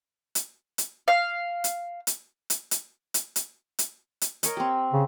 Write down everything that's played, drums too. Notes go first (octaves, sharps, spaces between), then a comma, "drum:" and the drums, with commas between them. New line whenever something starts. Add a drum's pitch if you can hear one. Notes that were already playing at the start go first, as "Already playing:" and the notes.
drum: hi-hat
drum: hi-hat
F5
drum: hi-hat
drum: hi-hat
drum: hi-hat
drum: hi-hat
drum: hi-hat
drum: hi-hat
drum: hi-hat
drum: hi-hat
A#4 C#5 D#5, drum: hi-hat
C4 G4
C#3